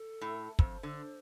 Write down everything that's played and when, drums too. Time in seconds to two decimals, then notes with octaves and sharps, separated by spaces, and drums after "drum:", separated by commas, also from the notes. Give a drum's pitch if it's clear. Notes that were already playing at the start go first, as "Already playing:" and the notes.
Already playing: A4
0.21 A2
0.59 F2 C5, drum: kick
0.83 D3